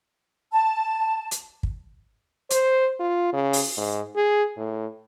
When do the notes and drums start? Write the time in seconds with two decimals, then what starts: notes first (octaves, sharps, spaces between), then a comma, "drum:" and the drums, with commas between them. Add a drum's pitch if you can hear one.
0.52 A5
1.31 drum: hi-hat
1.63 drum: kick
2.50 C5, drum: hi-hat
3.00 F4
3.33 C#3
3.53 drum: open hi-hat
3.77 G#2
4.16 G#4
4.57 A2